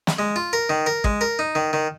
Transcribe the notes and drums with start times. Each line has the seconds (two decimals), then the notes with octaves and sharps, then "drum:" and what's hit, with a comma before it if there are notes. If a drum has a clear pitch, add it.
0.07 drum: snare
0.19 G#3
0.36 F4
0.53 A#4
0.69 D#3
0.86 A#4
1.04 G#3, drum: kick
1.21 A#4
1.39 D#4
1.55 D#3
1.73 D#3